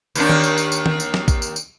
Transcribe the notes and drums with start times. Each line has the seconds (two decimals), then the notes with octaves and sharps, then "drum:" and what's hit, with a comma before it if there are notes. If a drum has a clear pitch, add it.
0.15 D#2 D#3 D4, drum: tambourine
0.30 drum: tom D#3
0.44 drum: tambourine
0.58 drum: tambourine
0.72 drum: tambourine
0.86 drum: tom D#3
1.00 drum: tambourine
1.14 drum: snare
1.28 drum: kick A1, tambourine
1.42 drum: tambourine
1.56 drum: tambourine